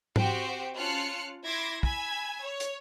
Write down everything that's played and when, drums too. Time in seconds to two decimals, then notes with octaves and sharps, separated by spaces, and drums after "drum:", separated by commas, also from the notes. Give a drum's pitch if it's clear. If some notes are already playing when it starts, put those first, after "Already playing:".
0.16 C4 F#4 G4 C5 G5, drum: tom G#2
0.75 C#4 F4 A5 F6 F#6 C#7
1.46 E4 C6 D6 G#6 A#6
1.83 G#5 B5 E6 G#6, drum: kick
2.44 C#5
2.60 drum: hi-hat